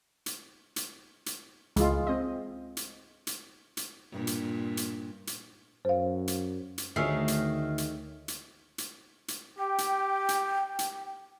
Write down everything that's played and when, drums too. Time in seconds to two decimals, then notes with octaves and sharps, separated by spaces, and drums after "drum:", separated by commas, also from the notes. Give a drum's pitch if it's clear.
0.26 drum: hi-hat
0.76 drum: hi-hat
1.26 drum: hi-hat
1.76 C#2 E3 G#3 F4, drum: hi-hat
2.07 C4 D#5
2.77 drum: hi-hat
3.27 drum: hi-hat
3.77 drum: hi-hat
4.12 G2 A#2
4.27 drum: hi-hat
4.77 drum: hi-hat
5.27 drum: hi-hat
5.85 F#2 C5 F5
6.28 drum: hi-hat
6.78 drum: hi-hat
6.96 D2 D#3 A3 G#4 C#5 E5 C7
7.28 drum: hi-hat
7.78 drum: hi-hat
8.28 drum: hi-hat
8.78 drum: hi-hat
9.28 drum: hi-hat
9.59 G4 G5
9.78 drum: hi-hat
10.29 drum: hi-hat
10.79 drum: hi-hat